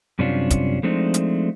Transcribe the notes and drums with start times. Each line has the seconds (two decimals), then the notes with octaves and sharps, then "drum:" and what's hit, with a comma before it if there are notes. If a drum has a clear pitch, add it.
0.19 F#2 C3 G3 C#4 D4 F4
0.50 drum: kick, hi-hat
0.83 F3 G#3 A3 C4 D4 D#4
1.14 drum: hi-hat